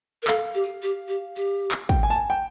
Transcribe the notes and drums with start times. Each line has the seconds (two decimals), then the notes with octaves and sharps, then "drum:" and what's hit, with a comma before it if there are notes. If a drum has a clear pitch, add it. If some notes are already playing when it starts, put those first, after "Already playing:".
0.23 A#4
0.28 A4 F5, drum: clap
0.55 G4
0.64 drum: tambourine
0.82 G4
1.08 G4
1.36 G4, drum: tambourine
1.72 drum: clap
1.89 G5, drum: kick
2.03 G#5
2.10 A5, drum: tambourine
2.16 G#5
2.30 G5